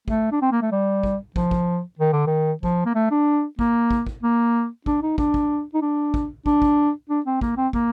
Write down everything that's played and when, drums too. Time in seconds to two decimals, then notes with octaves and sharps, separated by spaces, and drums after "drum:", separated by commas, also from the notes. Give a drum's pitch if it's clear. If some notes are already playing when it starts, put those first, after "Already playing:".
0.08 A3, drum: kick
0.32 D4
0.42 C4
0.52 A#3
0.62 A3
0.72 G3
1.03 drum: kick
1.36 F3, drum: kick
1.51 drum: kick
1.99 D#3
2.13 D3
2.26 D#3
2.63 F3, drum: kick
2.85 A#3
2.95 A3
3.11 D4
3.59 A#3, drum: kick
3.91 drum: kick
4.07 drum: kick
4.23 A#3
4.86 D4, drum: kick
5.02 D#4
5.18 D4, drum: kick
5.34 drum: kick
5.74 D#4
5.82 D4
6.14 drum: kick
6.46 D4, drum: kick
6.62 drum: kick
7.09 D4
7.26 C4
7.41 A#3, drum: kick
7.57 C4
7.73 A#3, drum: kick